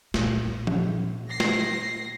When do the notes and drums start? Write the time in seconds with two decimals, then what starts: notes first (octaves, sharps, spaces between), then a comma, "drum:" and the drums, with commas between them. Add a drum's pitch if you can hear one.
0.14 A#2, drum: snare
0.67 drum: tom F3
1.29 A#6 C7
1.40 drum: snare